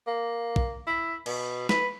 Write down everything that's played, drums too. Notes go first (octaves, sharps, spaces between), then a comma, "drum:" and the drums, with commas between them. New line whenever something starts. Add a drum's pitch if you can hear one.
A#3
drum: kick
E4
B2, drum: cymbal
B4, drum: snare